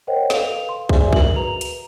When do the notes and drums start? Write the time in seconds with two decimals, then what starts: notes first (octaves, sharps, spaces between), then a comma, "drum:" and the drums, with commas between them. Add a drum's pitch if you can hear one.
0.07 A#4 C5 C#5 D#5 F#5 G5
0.30 A4 B4 F5 F7, drum: snare
0.69 C6
0.89 G#4 C5 D5 E5 G#5, drum: kick
1.13 F#4 A#4 F#7, drum: kick
1.36 B4 A#5 F7
1.61 drum: hi-hat